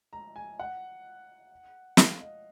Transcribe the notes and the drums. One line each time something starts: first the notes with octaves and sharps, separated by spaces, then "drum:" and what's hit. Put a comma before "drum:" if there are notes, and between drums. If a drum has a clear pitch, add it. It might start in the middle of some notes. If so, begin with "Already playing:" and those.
A#5
G#5
F#5
F5, drum: snare
D#5